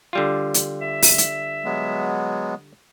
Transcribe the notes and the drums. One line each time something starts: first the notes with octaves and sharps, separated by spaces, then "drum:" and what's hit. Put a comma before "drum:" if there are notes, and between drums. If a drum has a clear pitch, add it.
D3 G3 F4
drum: hi-hat
E5
drum: open hi-hat
drum: hi-hat
F#3 G#3 B3